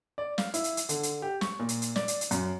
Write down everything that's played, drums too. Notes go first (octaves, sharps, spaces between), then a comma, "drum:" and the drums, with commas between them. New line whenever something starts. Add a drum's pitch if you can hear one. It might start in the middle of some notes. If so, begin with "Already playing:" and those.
D5
F5, drum: snare
E4, drum: hi-hat
drum: hi-hat
drum: hi-hat
D3, drum: hi-hat
drum: hi-hat
G4
C#6, drum: snare
A#2
drum: hi-hat
drum: hi-hat
D5, drum: snare
drum: hi-hat
drum: hi-hat
F#2, drum: hi-hat